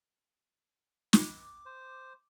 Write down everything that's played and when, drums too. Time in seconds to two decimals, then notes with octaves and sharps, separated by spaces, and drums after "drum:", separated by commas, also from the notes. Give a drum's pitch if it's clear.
1.13 D6, drum: snare
1.66 C5